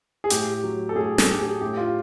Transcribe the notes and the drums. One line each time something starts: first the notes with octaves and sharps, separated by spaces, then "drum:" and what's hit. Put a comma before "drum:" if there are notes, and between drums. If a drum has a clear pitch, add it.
G#4
A2 G4, drum: hi-hat
F#3
A4
A2 G#4
A4, drum: snare
F#3 G4
G#4
A2 G4
F4